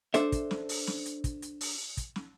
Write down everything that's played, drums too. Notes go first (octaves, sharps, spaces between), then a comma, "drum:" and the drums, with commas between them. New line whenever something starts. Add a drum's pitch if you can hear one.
D4 A4 C5 E5, drum: hi-hat
drum: kick, hi-hat
drum: snare
drum: open hi-hat
drum: snare
drum: hi-hat
drum: kick, hi-hat
drum: hi-hat
drum: open hi-hat
drum: kick, hi-hat
drum: snare